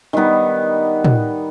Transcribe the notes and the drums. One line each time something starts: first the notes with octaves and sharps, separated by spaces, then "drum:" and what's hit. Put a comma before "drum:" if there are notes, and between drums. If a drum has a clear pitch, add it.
D#3 G3 B3 D#4
drum: tom